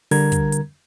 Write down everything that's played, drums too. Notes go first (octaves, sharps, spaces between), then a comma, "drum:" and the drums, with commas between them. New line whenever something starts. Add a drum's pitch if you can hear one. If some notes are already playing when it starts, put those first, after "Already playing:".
D3 G3 A#4 A#5 G#6, drum: open hi-hat
drum: kick, hi-hat
drum: hi-hat